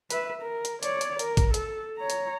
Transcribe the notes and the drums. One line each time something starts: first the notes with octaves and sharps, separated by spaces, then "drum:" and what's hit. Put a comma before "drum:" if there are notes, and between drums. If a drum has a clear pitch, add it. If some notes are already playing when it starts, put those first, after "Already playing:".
B4 E5, drum: hi-hat
A#4
drum: hi-hat
C#5 D5, drum: hi-hat
drum: hi-hat
A#4, drum: hi-hat
drum: kick A1, hi-hat
A4, drum: hi-hat
C#5 A#5
drum: hi-hat